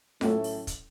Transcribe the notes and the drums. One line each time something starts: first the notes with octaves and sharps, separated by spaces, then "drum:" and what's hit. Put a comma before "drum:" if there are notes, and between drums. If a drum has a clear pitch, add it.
A2 F#3 A3 C#4 E4 A4, drum: snare F4
drum: open hi-hat
drum: kick, hi-hat